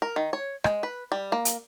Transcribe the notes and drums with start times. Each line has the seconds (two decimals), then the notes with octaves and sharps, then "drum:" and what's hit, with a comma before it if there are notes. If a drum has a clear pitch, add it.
0.02 A#4
0.16 D#3
0.33 C#5
0.64 G#3, drum: rim click
0.83 B4
1.12 G3
1.32 A#3
1.45 drum: hi-hat